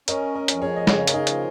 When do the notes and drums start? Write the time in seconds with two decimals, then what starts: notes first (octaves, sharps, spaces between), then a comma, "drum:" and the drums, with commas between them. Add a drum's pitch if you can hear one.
0.08 C#4 A#4 D#5, drum: hi-hat
0.35 A#4 D#5
0.48 F2, drum: hi-hat
0.62 G#4 C#5
0.77 D#5
0.87 C#3 G#4 C#5, drum: snare
1.07 A#4, drum: hi-hat
1.13 D#4 G#4
1.27 F3, drum: hi-hat